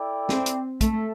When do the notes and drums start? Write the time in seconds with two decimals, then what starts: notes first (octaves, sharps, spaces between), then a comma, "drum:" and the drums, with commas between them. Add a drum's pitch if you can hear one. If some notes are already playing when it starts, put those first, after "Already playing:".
Already playing: E4 A4 D5 G5
0.29 C4, drum: snare
0.46 drum: hi-hat
0.81 A3 A4 E5, drum: kick, hi-hat